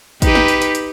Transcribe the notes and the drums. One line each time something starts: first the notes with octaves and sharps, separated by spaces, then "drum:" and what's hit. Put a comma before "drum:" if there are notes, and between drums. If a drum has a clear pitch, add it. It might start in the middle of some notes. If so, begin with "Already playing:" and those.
D#4 G4 B4, drum: kick, hi-hat
drum: snare
drum: hi-hat
drum: hi-hat
drum: hi-hat